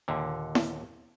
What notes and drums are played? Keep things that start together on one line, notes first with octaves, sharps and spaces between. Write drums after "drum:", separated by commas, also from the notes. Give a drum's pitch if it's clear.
D#2 A#2 D3
drum: snare E4